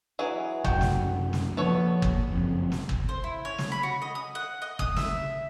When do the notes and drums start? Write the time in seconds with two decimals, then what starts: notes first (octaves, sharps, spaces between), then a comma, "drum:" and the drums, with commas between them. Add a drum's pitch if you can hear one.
0.19 E3 F#3 G#4
0.64 C2 F#2 F#4 G5, drum: kick
0.81 drum: snare
1.33 drum: snare
1.57 F3 A#3 B3 A4 C#5
2.02 drum: kick
2.28 F#1 F2
2.72 drum: snare
2.89 drum: kick
3.09 C5
3.24 E4
3.45 C#5
3.58 drum: snare
3.72 B5
3.83 F#4
4.02 D#5
4.15 D#6
4.35 F#5
4.62 D#5
4.79 D#6, drum: kick
4.96 E5, drum: snare